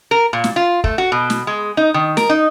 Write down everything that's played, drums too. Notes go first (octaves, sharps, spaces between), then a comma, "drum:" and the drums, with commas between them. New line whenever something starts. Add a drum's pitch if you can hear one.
A#4
A#2
drum: snare
F4
A3, drum: kick
F#4
B2
drum: snare
G#3
D#4
D#3
A#4, drum: snare
D#4